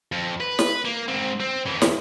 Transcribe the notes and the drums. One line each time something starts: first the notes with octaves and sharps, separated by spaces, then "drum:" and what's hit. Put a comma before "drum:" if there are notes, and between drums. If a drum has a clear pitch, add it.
F2
B4
drum: snare
A#3
G#2 C4
C4
F#2 E3
drum: snare